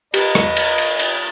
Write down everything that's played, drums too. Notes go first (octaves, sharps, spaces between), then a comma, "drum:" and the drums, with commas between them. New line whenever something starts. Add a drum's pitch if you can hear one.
G4 B4 D#5, drum: cymbal
drum: rim click
drum: cymbal
drum: cymbal
drum: cymbal